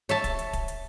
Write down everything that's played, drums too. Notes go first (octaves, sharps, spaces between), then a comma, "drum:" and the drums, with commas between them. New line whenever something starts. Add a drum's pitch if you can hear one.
C#5 E5 A5, drum: hi-hat
drum: kick D1, hi-hat
drum: hi-hat
drum: kick D1, hi-hat
drum: hi-hat